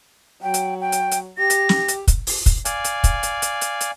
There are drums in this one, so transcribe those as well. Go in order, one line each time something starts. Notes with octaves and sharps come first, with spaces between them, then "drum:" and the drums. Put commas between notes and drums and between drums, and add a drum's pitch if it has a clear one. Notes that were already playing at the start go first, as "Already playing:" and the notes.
F#3 G5
drum: hi-hat
G5
drum: hi-hat
drum: hi-hat
G4 A#6
drum: hi-hat
drum: snare
drum: hi-hat
drum: kick, hi-hat
drum: open hi-hat
drum: kick, hi-hat
D5 F5 G#5, drum: hi-hat
drum: hi-hat
drum: kick, hi-hat
drum: hi-hat
drum: hi-hat
drum: hi-hat
drum: hi-hat